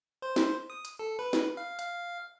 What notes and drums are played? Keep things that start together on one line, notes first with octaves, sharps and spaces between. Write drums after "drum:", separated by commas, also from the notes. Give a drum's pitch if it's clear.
C5
drum: snare
D#6
drum: hi-hat
A4
B4
drum: snare
F5
F5, drum: hi-hat